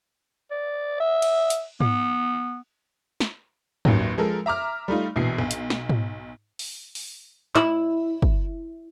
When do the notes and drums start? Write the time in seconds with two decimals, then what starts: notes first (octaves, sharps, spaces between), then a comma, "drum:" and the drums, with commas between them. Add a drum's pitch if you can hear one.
0.51 D5
1.00 E5
1.22 drum: cymbal
1.50 drum: hi-hat
1.80 B3, drum: tom G#2
3.20 drum: snare
3.85 A1 D#2 F#3, drum: tom G2
4.18 F3 G#3 A4 A#4
4.46 E5 A#5 D6 F6
4.88 G3 A3 D#4 F4
5.16 A#1 B2 E3 C7
5.39 B1
5.51 drum: hi-hat
5.70 drum: snare
5.89 drum: tom G#2
6.59 drum: open hi-hat
6.95 drum: open hi-hat
7.55 E4, drum: clap
8.22 drum: kick